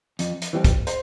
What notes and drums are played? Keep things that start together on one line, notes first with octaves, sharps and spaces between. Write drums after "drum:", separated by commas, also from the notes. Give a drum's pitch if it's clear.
F2, drum: hi-hat
drum: hi-hat
E3 G3 C4
drum: kick, hi-hat
C5, drum: hi-hat